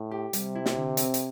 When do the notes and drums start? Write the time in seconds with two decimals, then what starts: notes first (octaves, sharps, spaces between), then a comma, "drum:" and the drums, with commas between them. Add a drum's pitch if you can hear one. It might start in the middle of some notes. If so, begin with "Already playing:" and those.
Already playing: A2
0.11 G4
0.33 C3 G3, drum: hi-hat
0.55 E4
0.66 drum: snare
0.77 D3
0.97 C4, drum: hi-hat
1.14 drum: hi-hat